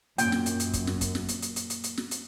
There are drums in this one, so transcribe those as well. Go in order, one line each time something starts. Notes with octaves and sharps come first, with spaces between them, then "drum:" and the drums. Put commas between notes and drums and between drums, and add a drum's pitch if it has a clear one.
F#2 A#2 G5, drum: hi-hat
drum: snare
drum: hi-hat
drum: hi-hat
drum: kick, hi-hat
drum: snare
drum: kick, hi-hat
drum: snare
drum: hi-hat
drum: hi-hat
drum: hi-hat
drum: hi-hat
drum: hi-hat
drum: snare
drum: hi-hat